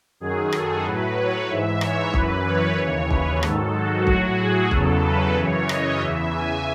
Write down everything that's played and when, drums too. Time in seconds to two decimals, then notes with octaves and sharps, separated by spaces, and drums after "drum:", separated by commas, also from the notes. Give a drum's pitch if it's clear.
0.20 F#2 D#3 F#3 G#4
0.52 A4, drum: rim click
0.84 A2 F#3 B4
1.17 C#5
1.50 G#2 E3 E5
1.81 C#5, drum: rim click
2.14 F#2 E3 B4, drum: kick
2.46 C#5
2.78 D#2 C#3 E3 C#5
3.11 B4, drum: kick
3.43 G#2 D#3 F#3 A4, drum: rim click
3.75 F#4
4.07 A2 F#3 F#4, drum: kick
4.39 G#4
4.71 E2 C#3 F#3 A4, drum: kick
5.04 B4
5.36 F#2 C#3 E3 C#5
5.69 D#5, drum: rim click
6.00 E2 C#3 E3 E5
6.33 G#5